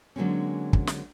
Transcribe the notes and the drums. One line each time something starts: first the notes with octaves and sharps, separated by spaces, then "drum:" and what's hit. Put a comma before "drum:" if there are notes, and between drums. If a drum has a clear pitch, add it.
D3 F#3 G#3 A#3 C4 C#4
drum: kick
drum: snare